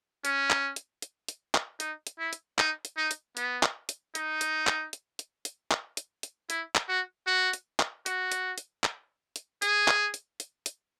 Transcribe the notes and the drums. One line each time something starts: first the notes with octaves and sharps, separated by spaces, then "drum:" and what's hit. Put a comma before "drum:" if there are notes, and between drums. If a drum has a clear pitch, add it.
C#4, drum: hi-hat
drum: clap
drum: hi-hat
drum: hi-hat
drum: hi-hat
drum: clap
D#4, drum: hi-hat
drum: hi-hat
E4
drum: hi-hat
D#4, drum: clap
drum: hi-hat
D#4
drum: hi-hat
B3, drum: hi-hat
drum: clap
drum: hi-hat
D#4, drum: hi-hat
drum: hi-hat
drum: clap
drum: hi-hat
drum: hi-hat
drum: hi-hat
drum: clap
drum: hi-hat
drum: hi-hat
E4, drum: hi-hat
drum: clap
F#4
F#4
drum: hi-hat
drum: clap
F#4, drum: hi-hat
drum: hi-hat
drum: hi-hat
drum: clap
drum: hi-hat
G#4, drum: hi-hat
drum: clap
drum: hi-hat
drum: hi-hat
drum: hi-hat